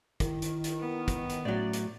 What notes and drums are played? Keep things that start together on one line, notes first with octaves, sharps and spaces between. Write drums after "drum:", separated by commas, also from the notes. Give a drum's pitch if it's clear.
D#3 E4, drum: kick, hi-hat
drum: hi-hat
drum: hi-hat
B3
drum: kick, hi-hat
drum: hi-hat
A2 F#3 C#4 D5
drum: hi-hat